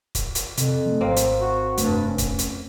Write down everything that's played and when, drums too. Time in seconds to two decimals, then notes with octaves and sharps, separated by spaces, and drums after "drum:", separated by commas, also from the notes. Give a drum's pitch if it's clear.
0.15 drum: kick, hi-hat
0.35 drum: hi-hat
0.58 F2 C3, drum: hi-hat
0.86 F3 A3
1.01 G#1 A#3 C4
1.17 drum: hi-hat
1.41 F#4
1.78 F1 G2 A3, drum: hi-hat
2.08 C#4
2.18 drum: kick, hi-hat
2.39 drum: hi-hat